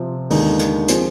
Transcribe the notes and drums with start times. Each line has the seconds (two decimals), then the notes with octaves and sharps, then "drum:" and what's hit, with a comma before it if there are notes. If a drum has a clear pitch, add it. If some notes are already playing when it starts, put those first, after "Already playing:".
Already playing: C3 F3 C4
0.30 D#2 D3 G#3 B3 D#4, drum: open hi-hat
0.59 drum: hi-hat
0.88 F3 C4 F4 G#4, drum: hi-hat